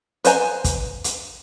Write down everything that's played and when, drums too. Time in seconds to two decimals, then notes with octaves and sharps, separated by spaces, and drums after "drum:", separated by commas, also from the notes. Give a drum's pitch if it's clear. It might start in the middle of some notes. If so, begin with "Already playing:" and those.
0.25 B4 C5 G#5 A#5, drum: hi-hat
0.64 drum: kick, hi-hat
1.04 drum: hi-hat